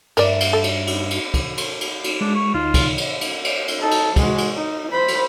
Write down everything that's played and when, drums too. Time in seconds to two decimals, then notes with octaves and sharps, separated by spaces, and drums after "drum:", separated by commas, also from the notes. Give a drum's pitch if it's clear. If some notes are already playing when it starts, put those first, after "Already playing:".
0.17 G2 A3 D4 A#4 D5, drum: cymbal
0.40 drum: cymbal
0.53 A4
0.64 drum: cymbal
0.87 drum: cymbal
1.11 drum: cymbal
1.34 drum: kick, cymbal
1.57 drum: cymbal
1.81 drum: cymbal
2.04 drum: cymbal
2.21 G#3 D4
2.35 C#6
2.54 D2 D#4 F4
2.74 drum: kick, cymbal
2.98 drum: cymbal
3.21 drum: cymbal
3.44 drum: cymbal
3.68 drum: cymbal
3.79 D#4 A4
3.91 drum: cymbal
4.16 G#3 F#4, drum: kick, cymbal
4.38 drum: cymbal
4.55 D#4
4.91 C5 B5
5.08 drum: cymbal